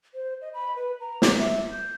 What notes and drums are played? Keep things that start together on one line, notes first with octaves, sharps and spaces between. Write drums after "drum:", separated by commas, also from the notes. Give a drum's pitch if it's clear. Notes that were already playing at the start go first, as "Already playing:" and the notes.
C5
D#5
B5
B4
A#5
D6, drum: snare
E5
G6